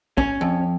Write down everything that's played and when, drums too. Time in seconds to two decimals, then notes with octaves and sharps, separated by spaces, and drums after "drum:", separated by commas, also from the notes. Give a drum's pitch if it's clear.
0.18 C#4, drum: kick
0.41 F2